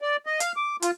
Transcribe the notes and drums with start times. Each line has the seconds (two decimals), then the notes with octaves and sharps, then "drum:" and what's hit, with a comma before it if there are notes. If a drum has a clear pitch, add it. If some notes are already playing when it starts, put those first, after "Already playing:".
0.02 D5
0.26 D#5
0.40 F5, drum: hi-hat
0.57 D6
0.82 F4, drum: hi-hat